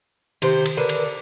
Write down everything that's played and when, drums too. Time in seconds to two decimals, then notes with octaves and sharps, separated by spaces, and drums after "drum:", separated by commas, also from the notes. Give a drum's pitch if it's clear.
0.42 C3 D#3 C5, drum: cymbal
0.66 drum: cymbal
0.77 D3 A#4 B4
0.89 drum: cymbal